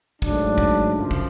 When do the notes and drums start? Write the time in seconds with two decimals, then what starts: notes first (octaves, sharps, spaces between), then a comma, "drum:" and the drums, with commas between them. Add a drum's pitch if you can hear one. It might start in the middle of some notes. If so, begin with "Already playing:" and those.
0.22 G#2 F#3 A3 D4, drum: kick
0.58 drum: kick
0.93 F#2 C#3 F3
1.11 drum: kick